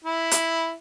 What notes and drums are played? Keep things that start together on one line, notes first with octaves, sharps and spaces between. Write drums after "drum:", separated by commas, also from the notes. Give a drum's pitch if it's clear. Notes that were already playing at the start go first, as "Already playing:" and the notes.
E4
drum: hi-hat